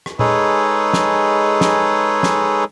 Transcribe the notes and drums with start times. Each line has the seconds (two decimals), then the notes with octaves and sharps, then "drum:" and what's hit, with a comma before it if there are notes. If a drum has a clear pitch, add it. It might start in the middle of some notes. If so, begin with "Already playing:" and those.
0.06 drum: rim click
0.19 G#3 D#4 G#4 A4 B4 C#5, drum: tom A#2
0.93 drum: snare
1.61 drum: snare
2.23 drum: snare